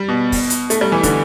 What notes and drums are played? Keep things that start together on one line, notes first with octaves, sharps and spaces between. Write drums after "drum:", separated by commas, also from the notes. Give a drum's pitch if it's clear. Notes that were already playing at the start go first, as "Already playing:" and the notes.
Already playing: G3
B2
drum: kick, open hi-hat
drum: hi-hat
A3, drum: hi-hat
G3
E3
D3, drum: kick, hi-hat